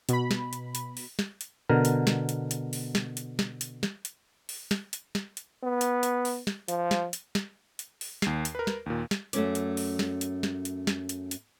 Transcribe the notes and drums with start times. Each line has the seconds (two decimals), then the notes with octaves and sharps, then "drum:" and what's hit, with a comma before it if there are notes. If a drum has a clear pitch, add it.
0.09 B2 B5, drum: hi-hat
0.31 drum: snare
0.53 drum: hi-hat
0.75 drum: hi-hat
0.97 drum: open hi-hat
1.19 drum: snare
1.41 drum: hi-hat
1.69 B2 D3 A#4
1.85 drum: hi-hat
2.07 drum: snare
2.29 drum: hi-hat
2.51 drum: hi-hat
2.73 drum: open hi-hat
2.95 drum: snare
3.17 drum: hi-hat
3.39 drum: snare
3.61 drum: hi-hat
3.83 drum: snare
4.05 drum: hi-hat
4.49 drum: open hi-hat
4.71 drum: snare
4.93 drum: hi-hat
5.15 drum: snare
5.37 drum: hi-hat
5.64 B3
5.81 drum: hi-hat
6.03 drum: hi-hat
6.25 drum: open hi-hat
6.47 drum: snare
6.68 F3, drum: hi-hat
6.91 drum: snare
7.13 drum: hi-hat
7.35 drum: snare
7.79 drum: hi-hat
8.01 drum: open hi-hat
8.22 D#2 C7, drum: snare
8.45 drum: hi-hat
8.55 A#4 B4
8.67 drum: snare
8.86 D#2 A#2
9.11 drum: snare
9.33 F#2 A3 C#4 D5, drum: hi-hat
9.55 drum: hi-hat
9.77 drum: open hi-hat
9.99 drum: snare
10.21 drum: hi-hat
10.43 drum: snare
10.65 drum: hi-hat
10.87 drum: snare
11.09 drum: hi-hat
11.31 drum: hi-hat